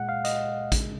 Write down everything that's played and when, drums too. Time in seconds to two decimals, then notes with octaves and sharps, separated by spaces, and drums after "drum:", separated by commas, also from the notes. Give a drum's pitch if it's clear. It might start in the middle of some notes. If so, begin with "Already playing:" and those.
Already playing: A#2 G#3 F#5
0.09 F5
0.25 D#5, drum: hi-hat
0.72 C#3 G#3, drum: kick, hi-hat